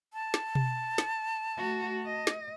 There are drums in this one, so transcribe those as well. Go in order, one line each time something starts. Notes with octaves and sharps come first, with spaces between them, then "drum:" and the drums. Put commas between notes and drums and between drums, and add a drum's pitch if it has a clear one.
A5
drum: snare
drum: tom B2
drum: snare
A3 F#4
D#5
drum: snare